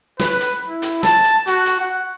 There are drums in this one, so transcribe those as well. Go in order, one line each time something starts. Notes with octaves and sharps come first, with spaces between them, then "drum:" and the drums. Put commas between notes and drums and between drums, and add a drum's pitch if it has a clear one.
B4, drum: snare
drum: hi-hat
E4
drum: hi-hat
A5, drum: snare
drum: hi-hat
F#4, drum: hi-hat
drum: hi-hat
F#5